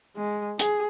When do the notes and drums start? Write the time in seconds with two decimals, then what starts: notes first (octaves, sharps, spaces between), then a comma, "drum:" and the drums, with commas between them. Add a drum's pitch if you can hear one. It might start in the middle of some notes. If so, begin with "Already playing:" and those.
0.17 G#3
0.59 G#4, drum: hi-hat